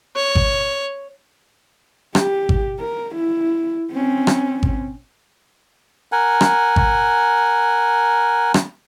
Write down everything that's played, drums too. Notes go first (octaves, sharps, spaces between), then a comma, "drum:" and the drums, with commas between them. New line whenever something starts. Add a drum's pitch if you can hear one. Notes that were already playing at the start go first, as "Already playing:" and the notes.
C#5
drum: kick G#1
G4, drum: rim click
drum: kick G#1
A#4
E4
C4 C#4
drum: rim click
drum: kick G#1
A#4 F#5 G#5
drum: rim click
drum: kick G#1
drum: rim click